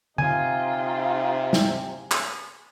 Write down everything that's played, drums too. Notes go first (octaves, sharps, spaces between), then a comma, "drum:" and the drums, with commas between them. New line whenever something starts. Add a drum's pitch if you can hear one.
C3 D#4 F4 G#5, drum: tom D3
drum: snare
drum: clap